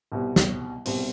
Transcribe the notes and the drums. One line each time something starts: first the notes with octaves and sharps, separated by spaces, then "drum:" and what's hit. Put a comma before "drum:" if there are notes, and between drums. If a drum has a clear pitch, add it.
C2 B2 G3 C4
drum: snare
C2 B2 G3 C4, drum: open hi-hat